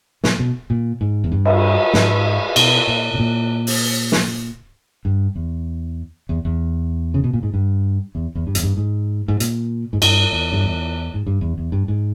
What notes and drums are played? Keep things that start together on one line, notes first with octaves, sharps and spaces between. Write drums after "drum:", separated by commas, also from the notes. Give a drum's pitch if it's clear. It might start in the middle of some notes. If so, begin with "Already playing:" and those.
A#2, drum: snare
B2
A#2
G#2
E2
G2
drum: cymbal
G#2, drum: snare
B2, drum: cymbal
A#2
B2
A#2
drum: open hi-hat
drum: snare
G2
E2
E2
E2
C#3
B2
A#2
G#2
G2
E2
E2
G2
E2, drum: hi-hat
G2
G#2
G#2
A#2, drum: hi-hat
G#2
G2, drum: cymbal
E2
G2
E2
G#2
G2
E2
E2
G2
G#2